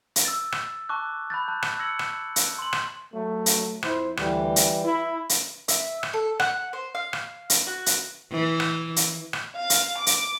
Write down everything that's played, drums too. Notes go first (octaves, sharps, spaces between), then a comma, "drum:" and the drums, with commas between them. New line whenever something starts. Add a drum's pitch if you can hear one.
drum: hi-hat
E6 A6
drum: rim click
A5 C#6 D6 F#6
B5 F#6 G6 A6
A5 F#6
drum: rim click
E6 G#6 A#6 C#7 F#7
drum: rim click
drum: hi-hat
C6 F#7
drum: rim click
F#3 A3
drum: hi-hat
F2 E4 C5, drum: rim click
D2 E3 G3, drum: rim click
drum: hi-hat
E4
drum: hi-hat
E5, drum: hi-hat
drum: rim click
A4
F#5, drum: rim click
C5
F5
drum: rim click
drum: hi-hat
F#4
drum: hi-hat
E3
drum: rim click
drum: hi-hat
drum: rim click
F5
drum: hi-hat
D6
drum: hi-hat